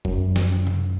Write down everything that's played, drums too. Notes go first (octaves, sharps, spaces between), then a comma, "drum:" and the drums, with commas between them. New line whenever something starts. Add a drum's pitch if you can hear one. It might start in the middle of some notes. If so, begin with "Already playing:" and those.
F#2, drum: kick
drum: snare
drum: tom C3